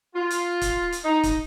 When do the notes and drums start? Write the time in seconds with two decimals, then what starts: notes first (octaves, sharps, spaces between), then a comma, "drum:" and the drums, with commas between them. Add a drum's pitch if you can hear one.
0.15 F4
0.31 drum: hi-hat
0.61 drum: kick, hi-hat
0.92 drum: hi-hat
1.05 D#4
1.23 drum: kick, hi-hat